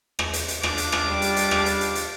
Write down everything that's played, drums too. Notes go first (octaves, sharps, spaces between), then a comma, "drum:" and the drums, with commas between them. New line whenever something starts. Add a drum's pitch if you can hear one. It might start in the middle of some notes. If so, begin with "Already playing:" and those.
drum: rim click
drum: hi-hat
drum: hi-hat
D4 F4 D6, drum: rim click
drum: hi-hat
drum: rim click
G3
drum: hi-hat
drum: hi-hat
drum: rim click
drum: hi-hat
drum: hi-hat
drum: hi-hat